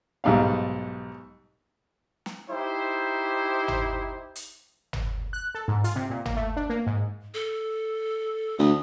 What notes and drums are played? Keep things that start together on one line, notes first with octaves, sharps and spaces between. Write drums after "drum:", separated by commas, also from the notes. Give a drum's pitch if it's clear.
B1 G#2 G3 F5
drum: snare
D#4 E4 G4 C5
drum: tom
drum: hi-hat
drum: tom
F#6
A4
G#2
F4, drum: hi-hat
C3
A#2
A#3, drum: tom
A3
D4
A#3
G#2
A4
D2 D#6